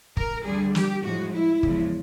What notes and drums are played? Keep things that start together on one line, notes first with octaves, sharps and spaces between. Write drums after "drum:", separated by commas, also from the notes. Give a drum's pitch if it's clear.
A#4, drum: kick
D2 D3 G3 G#4
G4, drum: snare
A2 F3 G#3 F#4
E4
E2 C#3 F3 G#3, drum: kick